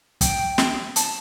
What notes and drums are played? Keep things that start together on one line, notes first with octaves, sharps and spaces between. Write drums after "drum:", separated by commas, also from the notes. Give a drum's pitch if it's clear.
G5, drum: kick, hi-hat
drum: snare
A5, drum: hi-hat